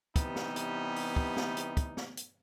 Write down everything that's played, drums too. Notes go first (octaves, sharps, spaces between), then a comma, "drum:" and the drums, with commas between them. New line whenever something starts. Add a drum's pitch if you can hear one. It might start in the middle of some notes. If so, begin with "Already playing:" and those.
C3 E3 G3 B3 D#4, drum: kick, hi-hat
drum: snare
drum: hi-hat
drum: open hi-hat
drum: kick
drum: snare
drum: hi-hat
drum: kick, hi-hat
drum: snare
drum: hi-hat